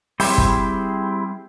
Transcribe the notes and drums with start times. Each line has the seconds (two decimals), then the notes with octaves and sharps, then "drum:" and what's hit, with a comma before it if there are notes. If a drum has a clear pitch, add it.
0.20 G3 C4 E4 G4 G#4 C5, drum: open hi-hat
0.38 drum: kick